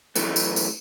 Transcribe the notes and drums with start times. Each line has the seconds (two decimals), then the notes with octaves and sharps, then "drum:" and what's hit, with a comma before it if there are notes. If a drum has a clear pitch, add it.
0.15 F#2 A2 D#3 E3 A3 B3, drum: tambourine
0.36 drum: tambourine
0.56 drum: tambourine